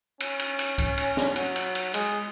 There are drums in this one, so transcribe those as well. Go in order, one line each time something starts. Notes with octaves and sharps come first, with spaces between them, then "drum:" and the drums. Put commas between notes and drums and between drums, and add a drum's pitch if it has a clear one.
C#4, drum: cymbal
drum: cymbal
drum: cymbal
drum: kick, cymbal
drum: cymbal
drum: snare
F#3, drum: cymbal
drum: cymbal
drum: cymbal
G#3, drum: cymbal